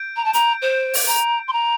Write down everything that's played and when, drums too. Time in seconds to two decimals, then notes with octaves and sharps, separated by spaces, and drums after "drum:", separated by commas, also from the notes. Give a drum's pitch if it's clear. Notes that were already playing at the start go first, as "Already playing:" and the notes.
Already playing: G6 D7
0.16 A#5
0.25 A5
0.33 A#5, drum: hi-hat
0.62 C5
0.94 drum: open hi-hat
1.07 A#5
1.48 C6
1.53 A#5